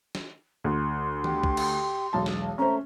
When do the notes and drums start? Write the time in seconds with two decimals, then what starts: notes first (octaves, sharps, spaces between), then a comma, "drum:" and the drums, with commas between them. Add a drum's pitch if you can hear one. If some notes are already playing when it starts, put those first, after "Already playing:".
0.15 drum: snare
0.64 D2 C6
1.24 G4, drum: tom D#3
1.44 drum: kick
1.57 drum: cymbal
2.13 E1 B1 A5
2.26 drum: snare
2.58 A3 C#4 C5 A#5